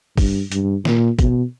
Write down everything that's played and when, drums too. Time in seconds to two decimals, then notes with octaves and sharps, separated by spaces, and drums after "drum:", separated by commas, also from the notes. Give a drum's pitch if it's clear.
0.18 G2, drum: kick, open hi-hat
0.52 G2, drum: hi-hat
0.85 A#2, drum: snare
1.19 B2, drum: kick, hi-hat